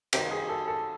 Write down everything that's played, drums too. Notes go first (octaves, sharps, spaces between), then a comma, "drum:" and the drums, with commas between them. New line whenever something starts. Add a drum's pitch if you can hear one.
C3 D#3 G4, drum: cymbal
G#4
A4
A4